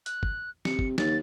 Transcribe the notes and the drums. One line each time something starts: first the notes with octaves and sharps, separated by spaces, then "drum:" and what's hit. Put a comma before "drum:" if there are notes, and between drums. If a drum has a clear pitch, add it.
F#6, drum: hi-hat
drum: kick
C3 C#7, drum: snare
drum: kick
D#2 A6, drum: snare